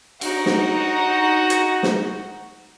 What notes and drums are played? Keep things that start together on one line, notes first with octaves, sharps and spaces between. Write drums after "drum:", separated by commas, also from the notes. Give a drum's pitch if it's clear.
D#4 F#4 F#5, drum: cymbal
drum: snare
drum: hi-hat
drum: snare